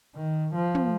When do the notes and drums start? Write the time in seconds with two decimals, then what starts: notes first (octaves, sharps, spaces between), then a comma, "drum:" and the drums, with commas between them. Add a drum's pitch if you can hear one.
0.15 D#3
0.55 F3
0.75 drum: tom